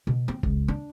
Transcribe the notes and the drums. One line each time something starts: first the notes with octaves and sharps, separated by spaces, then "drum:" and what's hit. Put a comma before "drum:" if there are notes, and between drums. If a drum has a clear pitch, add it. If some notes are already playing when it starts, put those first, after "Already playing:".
B2
C4
C#2, drum: kick F#1
D4